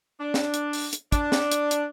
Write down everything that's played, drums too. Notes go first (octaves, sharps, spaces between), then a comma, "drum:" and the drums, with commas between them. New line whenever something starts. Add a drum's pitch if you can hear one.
D4
drum: snare
drum: hi-hat
drum: open hi-hat
drum: hi-hat
D4, drum: kick, hi-hat
drum: snare
drum: hi-hat
drum: hi-hat